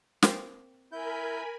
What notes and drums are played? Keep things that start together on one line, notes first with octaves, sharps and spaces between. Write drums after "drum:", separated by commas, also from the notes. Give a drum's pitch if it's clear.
A#3 C4, drum: snare
E4 A#4 G#5 B5 G6